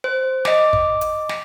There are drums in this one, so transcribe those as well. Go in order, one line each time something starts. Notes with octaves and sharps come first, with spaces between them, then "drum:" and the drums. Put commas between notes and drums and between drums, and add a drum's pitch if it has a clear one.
C5
D#5 D6, drum: snare
drum: kick
drum: hi-hat
drum: snare